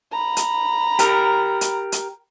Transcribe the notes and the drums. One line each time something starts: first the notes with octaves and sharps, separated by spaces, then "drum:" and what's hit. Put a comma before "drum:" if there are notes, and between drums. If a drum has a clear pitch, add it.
A#5 B5
drum: hi-hat
G4 A#4, drum: hi-hat
drum: hi-hat
drum: hi-hat